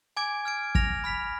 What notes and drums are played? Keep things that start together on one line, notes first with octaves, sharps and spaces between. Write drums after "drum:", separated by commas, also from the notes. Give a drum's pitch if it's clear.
G#5 D6 G#6 D7
F6 G#6 D7
F6 A#6 F7, drum: kick
B5 F6 B6